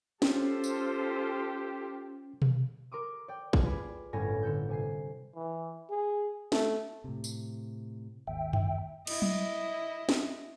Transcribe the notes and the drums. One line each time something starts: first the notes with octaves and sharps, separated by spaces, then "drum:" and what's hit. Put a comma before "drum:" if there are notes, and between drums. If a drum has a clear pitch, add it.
C#4 F4 G4 A4 C5, drum: snare
drum: tambourine
drum: tom B2
A#4 C6 D6 D#6
D5 G5
drum: kick
F4 G#4 B4 D5 B5
G1 A2 C#4 G#5 A#6
D3 A4 G6
C3 G#5 C7
E3
G#4
A3, drum: snare
A2 C3
drum: tambourine
G#1 D#2 E5 G5
drum: tom F#2
E4 D#5, drum: cymbal
drum: tom F#3
drum: snare